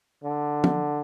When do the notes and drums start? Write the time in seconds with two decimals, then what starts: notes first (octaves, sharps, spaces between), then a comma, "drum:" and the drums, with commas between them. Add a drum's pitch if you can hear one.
0.24 D3
0.64 drum: tom